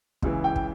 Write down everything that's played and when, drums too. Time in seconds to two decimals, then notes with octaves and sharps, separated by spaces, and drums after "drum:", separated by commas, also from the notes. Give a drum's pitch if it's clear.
0.22 C#2 C#3 E3, drum: kick
0.44 G5
0.56 drum: kick